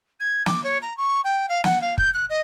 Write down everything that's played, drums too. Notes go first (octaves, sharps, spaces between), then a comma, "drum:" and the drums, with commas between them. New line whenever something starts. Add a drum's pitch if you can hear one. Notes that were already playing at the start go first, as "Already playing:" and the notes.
G#6
D6, drum: snare
C#5
A#5
C#6
G5
F5
F#5, drum: snare
F5
G6, drum: kick
F#6
D#5